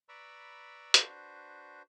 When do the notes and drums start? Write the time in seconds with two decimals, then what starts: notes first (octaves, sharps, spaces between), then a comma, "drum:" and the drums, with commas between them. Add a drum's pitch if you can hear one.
0.09 B4 D5 A#5 B5 C#6 E6
0.94 D4 F#4 B4 C5, drum: hi-hat